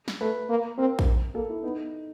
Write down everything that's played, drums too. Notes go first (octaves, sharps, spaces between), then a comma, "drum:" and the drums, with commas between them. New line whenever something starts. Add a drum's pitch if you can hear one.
drum: snare
A3 B4
A#3
C4 A#4
drum: kick A#1
A#3 A4
E4
B3 D#4